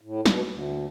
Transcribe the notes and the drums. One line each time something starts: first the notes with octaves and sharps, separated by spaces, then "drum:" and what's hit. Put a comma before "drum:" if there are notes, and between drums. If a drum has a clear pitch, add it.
A2
B2, drum: snare
D2